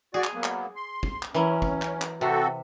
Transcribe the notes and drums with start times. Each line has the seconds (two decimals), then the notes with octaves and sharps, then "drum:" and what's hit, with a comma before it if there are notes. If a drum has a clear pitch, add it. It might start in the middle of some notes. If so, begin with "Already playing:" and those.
0.14 F#4 G#4 D5
0.24 drum: clap
0.34 F#3 A#3 B3
0.44 drum: clap
0.76 C6
1.03 drum: kick
1.23 drum: clap
1.34 E3 F#3 C#4
1.62 drum: kick
1.82 drum: clap
2.02 drum: clap
2.21 C3 C4 F#4 A4